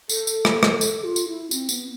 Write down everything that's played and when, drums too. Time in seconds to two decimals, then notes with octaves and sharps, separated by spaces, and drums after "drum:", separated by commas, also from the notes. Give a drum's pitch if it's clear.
0.09 A4, drum: tambourine
0.27 drum: tambourine
0.45 drum: rim click
0.63 drum: rim click
0.81 A4, drum: tambourine
1.04 F4
1.16 drum: tambourine
1.28 E4
1.51 C4, drum: tambourine
1.69 B3, drum: tambourine